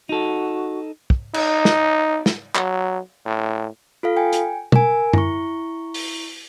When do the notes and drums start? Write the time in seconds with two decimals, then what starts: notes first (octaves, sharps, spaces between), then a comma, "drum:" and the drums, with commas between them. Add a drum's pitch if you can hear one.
0.09 D#4 F#4 A4
1.10 drum: kick
1.34 D#4, drum: cymbal
1.65 drum: snare
2.26 drum: snare
2.55 F#3, drum: clap
3.26 A2
4.03 F4 A4 F5
4.17 G5 G#5
4.33 drum: hi-hat
4.72 A#4 G#5, drum: tom
5.13 E4 C#6, drum: tom F#2
5.94 drum: open hi-hat